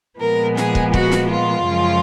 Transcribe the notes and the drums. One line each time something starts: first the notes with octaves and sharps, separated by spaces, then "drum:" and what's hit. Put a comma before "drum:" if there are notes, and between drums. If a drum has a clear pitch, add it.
A#2 F3 G#3 B3 A#4
G#4, drum: snare
drum: kick
F#4, drum: kick
drum: snare
F4
F#2 C#3 F3 G#3